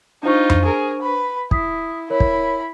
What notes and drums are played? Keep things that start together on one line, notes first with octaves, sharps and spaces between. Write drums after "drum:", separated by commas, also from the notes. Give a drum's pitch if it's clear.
D4 D#4 F4 C5 C#6
drum: tom F2
G#4 A#4
B4 B5
E4 D#6 B6, drum: kick
E4 A#4 C#5 B5
drum: kick